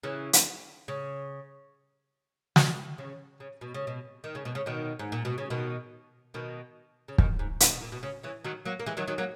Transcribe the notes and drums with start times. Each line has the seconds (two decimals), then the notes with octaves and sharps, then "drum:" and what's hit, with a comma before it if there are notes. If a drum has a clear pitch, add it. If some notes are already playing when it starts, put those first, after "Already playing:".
0.03 C#3 E3
0.33 drum: hi-hat
0.88 C#3
2.56 B2, drum: snare
2.98 C#3
3.40 C#3
3.61 B2
3.74 C#3
3.87 B2
4.24 D#3
4.35 C#3
4.45 B2
4.55 C#3
4.66 B2 D#3
4.99 G#2
5.12 A#2
5.25 B2
5.38 C#3
5.50 B2 D#3
6.34 B2 D#3
7.08 C#3
7.18 B2 D#3, drum: kick
7.39 G#2
7.60 A#2, drum: hi-hat
7.71 B2
7.81 A#2
7.92 B2
8.03 C#3
8.23 C#3 E3
8.44 D#3 F#3
8.65 F#3 A#3
8.80 A#3
8.86 E3 G#3
8.97 D#3 F#3
9.08 D#3 F#3
9.18 F#3 A#3